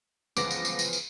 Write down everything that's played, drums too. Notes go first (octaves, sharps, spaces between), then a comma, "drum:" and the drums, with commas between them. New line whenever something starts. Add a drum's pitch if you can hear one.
G1 C#2 E3 F3 B3 D6 A#6, drum: tambourine
drum: tambourine
drum: tambourine
drum: tambourine
drum: tambourine